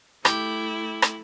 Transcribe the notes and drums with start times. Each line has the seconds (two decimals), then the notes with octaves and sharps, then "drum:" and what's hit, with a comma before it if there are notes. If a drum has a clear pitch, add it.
0.25 A3 E4 G4, drum: rim click
1.02 drum: rim click